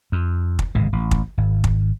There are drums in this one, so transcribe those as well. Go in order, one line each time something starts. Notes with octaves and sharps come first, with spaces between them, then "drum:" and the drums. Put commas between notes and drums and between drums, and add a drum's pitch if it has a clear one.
F2
drum: kick
D1 G#1 C3 G#3
A1
drum: kick
G#1
drum: kick